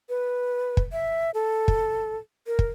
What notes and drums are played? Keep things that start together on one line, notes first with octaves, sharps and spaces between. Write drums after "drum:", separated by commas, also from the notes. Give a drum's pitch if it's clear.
B4
drum: kick
E5
A4
drum: kick
A#4
drum: kick